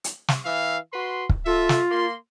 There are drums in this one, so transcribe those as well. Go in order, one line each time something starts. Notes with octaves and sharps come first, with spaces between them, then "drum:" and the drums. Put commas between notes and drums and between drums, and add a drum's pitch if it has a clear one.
drum: hi-hat
drum: snare
E3 E5 F5
F#4 B4 C6
drum: kick
F4 A4 E5
drum: snare
A#3 C6